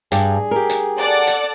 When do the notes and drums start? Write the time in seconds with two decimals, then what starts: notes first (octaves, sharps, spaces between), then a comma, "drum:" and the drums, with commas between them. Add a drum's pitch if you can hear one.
0.12 G2 G#4, drum: hi-hat
0.51 G4 A#4
0.70 drum: hi-hat
0.98 A4 D5 F#5
1.27 drum: hi-hat